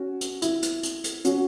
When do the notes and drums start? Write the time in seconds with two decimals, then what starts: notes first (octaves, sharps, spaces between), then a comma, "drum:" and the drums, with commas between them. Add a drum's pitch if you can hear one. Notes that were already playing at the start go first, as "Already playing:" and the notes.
Already playing: C#4 F#4
0.21 drum: hi-hat
0.42 E4, drum: hi-hat
0.62 drum: hi-hat
0.83 drum: hi-hat
1.04 drum: hi-hat
1.25 C#4 F#4, drum: hi-hat